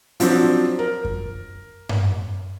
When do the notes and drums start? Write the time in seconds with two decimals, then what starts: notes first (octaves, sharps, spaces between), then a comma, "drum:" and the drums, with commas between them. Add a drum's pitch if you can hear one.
0.20 F3 F#3 C4 D4, drum: hi-hat
0.79 A#4
1.05 drum: kick F#2
1.89 drum: tom G2